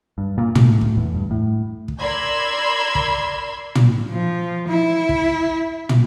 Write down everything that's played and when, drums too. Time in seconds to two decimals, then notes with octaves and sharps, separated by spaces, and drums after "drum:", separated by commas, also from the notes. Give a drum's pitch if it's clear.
0.18 G2
0.38 A#2
0.55 A2, drum: tom
0.81 drum: kick
0.97 E2
1.14 G2
1.31 A2
1.88 drum: kick
2.00 A#4 D5 B5 C6 E6 G#6
2.95 drum: kick
3.75 drum: tom
4.10 F3
4.69 E4
5.09 drum: kick
5.89 drum: tom